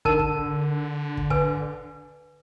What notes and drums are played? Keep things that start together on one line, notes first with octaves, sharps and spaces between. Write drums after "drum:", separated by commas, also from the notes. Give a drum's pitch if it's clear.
D3 D#4 A#4 A5, drum: kick
drum: kick
drum: kick
B4 G#5, drum: kick